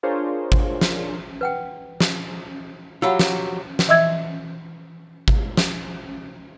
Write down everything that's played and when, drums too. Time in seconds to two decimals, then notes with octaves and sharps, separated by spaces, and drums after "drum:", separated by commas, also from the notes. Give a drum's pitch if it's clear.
0.03 D4 F4 G#4 A#4 C5 C#5
0.52 drum: kick G#1
0.81 drum: snare
1.41 B4 F#5 G5
2.00 drum: snare
3.02 F#3 F4 G4 C#5 F5 F#5 B5 E6
3.19 drum: snare
3.79 drum: snare
3.88 E3 D#5 E5 E6 G#6
5.28 drum: kick G#1
5.57 drum: snare